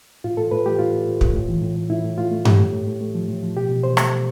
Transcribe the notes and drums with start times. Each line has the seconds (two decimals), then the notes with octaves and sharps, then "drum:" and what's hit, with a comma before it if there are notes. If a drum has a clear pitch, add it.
0.24 A2 F4
0.37 A2 A4
0.51 A2 B4
0.66 A3 G4
0.79 A2 F4
0.93 A2
1.07 A2
1.21 A2, drum: kick
1.34 A2
1.49 E3
1.62 A2
1.76 A2
1.90 A2 E4
2.04 A2
2.18 A2 F4
2.31 A3
2.45 A2 G4, drum: tom G2
2.60 A3
2.73 A2
2.87 A2
3.01 A3
3.15 F3
3.28 A2
3.43 F3
3.56 B2 G4
3.69 B2
3.83 B2 C5
3.97 A3, drum: rim click
4.11 B2